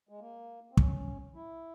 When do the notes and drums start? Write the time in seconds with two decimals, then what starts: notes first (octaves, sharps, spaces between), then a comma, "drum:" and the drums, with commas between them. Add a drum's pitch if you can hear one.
0.09 G#3
0.19 A#3
0.71 C4
0.77 C#4, drum: kick
1.35 E4